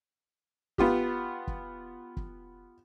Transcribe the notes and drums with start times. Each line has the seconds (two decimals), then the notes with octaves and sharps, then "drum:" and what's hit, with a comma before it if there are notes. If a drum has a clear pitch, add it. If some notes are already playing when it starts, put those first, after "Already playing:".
0.78 B3 F4 G4, drum: kick
1.47 drum: kick
2.17 drum: kick